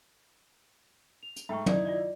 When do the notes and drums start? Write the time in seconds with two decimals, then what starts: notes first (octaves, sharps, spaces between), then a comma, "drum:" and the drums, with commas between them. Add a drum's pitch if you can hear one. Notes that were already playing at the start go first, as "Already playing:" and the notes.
1.23 F7
1.36 drum: hi-hat
1.49 G#2 A3 E5 G5 C#6
1.66 D#3 D#4 E4 D5, drum: tom
1.85 F4 D5 D#5